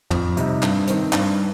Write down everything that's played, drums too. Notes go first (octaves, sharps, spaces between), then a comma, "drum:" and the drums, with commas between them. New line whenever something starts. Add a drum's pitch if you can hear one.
F2, drum: tom
C3 G3 D#4, drum: hi-hat
G2, drum: clap
D#3 C4, drum: hi-hat
G2, drum: clap